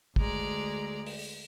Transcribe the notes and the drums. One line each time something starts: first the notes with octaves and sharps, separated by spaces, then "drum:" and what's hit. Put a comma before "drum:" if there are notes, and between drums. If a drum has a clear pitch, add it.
D2 G#3 D5 A#5, drum: kick
drum: open hi-hat